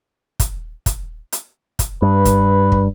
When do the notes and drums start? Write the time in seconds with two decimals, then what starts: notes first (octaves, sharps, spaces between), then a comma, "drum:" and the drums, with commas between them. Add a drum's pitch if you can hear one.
0.40 drum: kick, hi-hat
0.86 drum: kick, hi-hat
1.32 drum: hi-hat
1.79 drum: kick, hi-hat
2.02 G2 B4
2.25 drum: kick, hi-hat
2.72 drum: kick